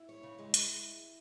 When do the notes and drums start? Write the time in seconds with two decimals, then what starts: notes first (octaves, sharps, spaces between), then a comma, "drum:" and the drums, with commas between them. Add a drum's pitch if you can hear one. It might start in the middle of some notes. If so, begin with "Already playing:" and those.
Already playing: E4
0.09 C#5
0.23 C#3
0.39 G#3
0.54 drum: hi-hat